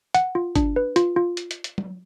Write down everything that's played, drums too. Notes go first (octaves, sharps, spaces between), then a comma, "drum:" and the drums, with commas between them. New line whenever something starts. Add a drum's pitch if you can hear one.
F#5, drum: hi-hat
F4
D4, drum: kick G1, hi-hat
B4
F4, drum: hi-hat
F4
drum: hi-hat
drum: hi-hat
drum: hi-hat
drum: tom F#3